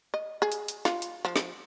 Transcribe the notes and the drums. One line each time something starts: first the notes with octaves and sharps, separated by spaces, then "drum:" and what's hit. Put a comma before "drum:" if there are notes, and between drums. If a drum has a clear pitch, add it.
D#5
G#4
drum: hi-hat
drum: hi-hat
F4, drum: snare
drum: hi-hat
F3
drum: snare